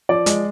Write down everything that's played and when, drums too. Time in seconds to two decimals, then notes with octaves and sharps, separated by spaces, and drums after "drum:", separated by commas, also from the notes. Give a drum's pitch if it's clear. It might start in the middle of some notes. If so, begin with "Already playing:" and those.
0.09 F3 D5
0.26 G#3, drum: hi-hat